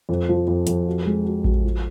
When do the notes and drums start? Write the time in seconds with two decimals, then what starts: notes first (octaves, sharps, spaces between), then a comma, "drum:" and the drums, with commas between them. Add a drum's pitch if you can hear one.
0.09 F2
0.29 F3
0.48 F2
0.67 F2, drum: hi-hat
0.87 F#4
1.06 G#3
1.25 F#4
1.44 F#4, drum: kick A1
1.64 F3